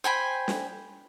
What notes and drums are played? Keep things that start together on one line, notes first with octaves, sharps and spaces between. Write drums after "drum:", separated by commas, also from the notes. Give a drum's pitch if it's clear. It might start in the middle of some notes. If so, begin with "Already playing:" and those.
C5 G5 G#5 B5
drum: snare